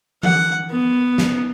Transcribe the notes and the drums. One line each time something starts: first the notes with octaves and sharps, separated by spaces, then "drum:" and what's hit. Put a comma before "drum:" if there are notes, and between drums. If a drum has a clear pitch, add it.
F#5, drum: tom E3
B3
drum: snare